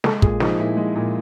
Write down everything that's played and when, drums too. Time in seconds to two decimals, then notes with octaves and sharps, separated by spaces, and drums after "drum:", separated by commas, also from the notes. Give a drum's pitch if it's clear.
0.04 G#3 A4, drum: snare
0.22 A#2 G#4, drum: kick
0.40 F3 D#4, drum: snare
0.59 A#2 E4
0.77 G#3
0.95 A#2